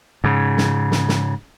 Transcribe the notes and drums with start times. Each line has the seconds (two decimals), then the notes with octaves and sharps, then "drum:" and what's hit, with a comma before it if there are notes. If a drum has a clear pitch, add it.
0.24 G#2 C#3
0.58 drum: snare
0.92 drum: snare
1.09 drum: snare